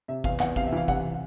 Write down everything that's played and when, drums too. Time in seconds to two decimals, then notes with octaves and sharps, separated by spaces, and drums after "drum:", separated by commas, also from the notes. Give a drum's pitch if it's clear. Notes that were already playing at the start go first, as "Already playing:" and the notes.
0.08 C3 E5
0.24 E2 F5, drum: kick
0.40 E2 F#5, drum: clap
0.56 C3 F5, drum: kick
0.67 E5
0.72 E3 F5
0.88 C3 F#5, drum: kick